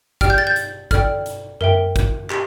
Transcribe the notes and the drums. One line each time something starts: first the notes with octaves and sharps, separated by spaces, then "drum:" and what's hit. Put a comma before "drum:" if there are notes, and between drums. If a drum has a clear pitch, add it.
G4 D5 G5 F6, drum: kick, hi-hat
G6
A6
G6
drum: hi-hat
A4 D5 G5 F6, drum: kick, hi-hat
drum: hi-hat
A#4 E5 G5, drum: tom F#2
drum: kick, hi-hat
G4, drum: clap